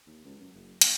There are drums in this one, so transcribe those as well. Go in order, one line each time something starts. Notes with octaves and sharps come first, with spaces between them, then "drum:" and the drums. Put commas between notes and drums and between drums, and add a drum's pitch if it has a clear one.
D#2
C#2
F#2
F#1
A#1, drum: hi-hat